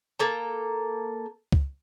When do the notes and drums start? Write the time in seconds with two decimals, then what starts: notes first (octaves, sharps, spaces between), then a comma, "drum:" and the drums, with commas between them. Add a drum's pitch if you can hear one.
0.20 A#3 A4 A#5
1.52 drum: kick C#2